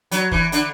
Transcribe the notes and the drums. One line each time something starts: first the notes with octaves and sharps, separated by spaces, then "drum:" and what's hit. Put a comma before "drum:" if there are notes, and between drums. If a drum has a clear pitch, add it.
F#3, drum: hi-hat
E3, drum: kick
D3, drum: hi-hat